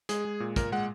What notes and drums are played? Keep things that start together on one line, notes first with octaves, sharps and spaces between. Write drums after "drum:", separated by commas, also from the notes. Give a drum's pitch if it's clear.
G#3 G#4, drum: hi-hat
G#3
A#2
A#2 A#4, drum: kick, hi-hat
G#3 F#5